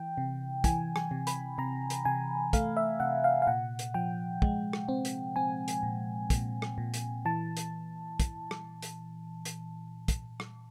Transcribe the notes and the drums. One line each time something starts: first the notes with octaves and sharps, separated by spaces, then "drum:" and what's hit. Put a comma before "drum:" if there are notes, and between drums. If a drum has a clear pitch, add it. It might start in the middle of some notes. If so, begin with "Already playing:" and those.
Already playing: E3 G5
C3
E3 G#5, drum: kick, hi-hat
G#5, drum: rim click
C3
B5, drum: hi-hat
C3 A#5
drum: hi-hat
C3 G#5
A3 F5, drum: kick, hi-hat
E5
C3 F#5
F5
F5
A#2 F#5
drum: hi-hat
F3 G5
G#3, drum: kick
drum: rim click
C4
drum: hi-hat
C4 G#5
drum: hi-hat
A#2
A#2, drum: kick, hi-hat
drum: rim click
A#2
drum: hi-hat
E3 A5
drum: hi-hat
drum: kick, hi-hat
drum: rim click
drum: hi-hat
drum: hi-hat
drum: kick, hi-hat
drum: rim click